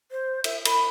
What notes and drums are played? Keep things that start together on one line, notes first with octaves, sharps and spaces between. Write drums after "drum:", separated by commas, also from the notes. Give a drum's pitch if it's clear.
C5
E5, drum: cymbal
B5, drum: cymbal